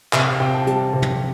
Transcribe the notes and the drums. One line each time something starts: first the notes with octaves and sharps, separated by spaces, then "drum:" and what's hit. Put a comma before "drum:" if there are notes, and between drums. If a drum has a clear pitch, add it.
C3 E5, drum: clap
F5
C3 G5
A5
G3 A5, drum: hi-hat
C3
drum: tom